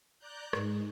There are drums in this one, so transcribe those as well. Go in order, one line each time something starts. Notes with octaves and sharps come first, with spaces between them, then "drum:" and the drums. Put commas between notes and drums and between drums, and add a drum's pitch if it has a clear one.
D5 A#5 F#6 G6
G#2 G#3, drum: rim click